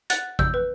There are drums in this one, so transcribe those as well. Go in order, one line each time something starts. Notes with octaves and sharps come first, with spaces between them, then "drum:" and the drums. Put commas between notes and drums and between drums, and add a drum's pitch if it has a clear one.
F#5 F#6 A6, drum: hi-hat
E6 G6, drum: kick A1
B4